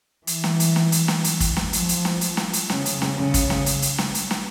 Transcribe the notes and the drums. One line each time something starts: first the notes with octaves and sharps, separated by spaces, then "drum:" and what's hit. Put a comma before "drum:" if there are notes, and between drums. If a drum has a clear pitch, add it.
E3, drum: hi-hat
drum: snare
drum: hi-hat
drum: snare
drum: hi-hat
drum: snare
drum: hi-hat
drum: kick, hi-hat
drum: snare
F3, drum: hi-hat
drum: hi-hat
drum: snare
drum: hi-hat
drum: snare
drum: hi-hat
C#3, drum: snare
drum: hi-hat
drum: snare
C#3
drum: kick, hi-hat
drum: snare
drum: hi-hat
drum: hi-hat
drum: snare
drum: hi-hat
drum: snare